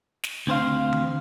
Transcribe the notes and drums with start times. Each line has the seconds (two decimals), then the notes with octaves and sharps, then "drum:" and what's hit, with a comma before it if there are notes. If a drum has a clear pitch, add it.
0.24 drum: snare
0.47 D2 C4 C5 F5
0.93 drum: tom D#3